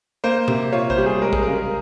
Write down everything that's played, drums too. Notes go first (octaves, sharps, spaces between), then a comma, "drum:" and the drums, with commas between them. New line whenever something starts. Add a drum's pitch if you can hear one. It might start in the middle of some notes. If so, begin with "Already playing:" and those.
A#3 C5
C3, drum: tom A#2
F4 C#5
C5, drum: kick
G3
G#4
G#3 A#4
G#4, drum: kick
C#3 A#4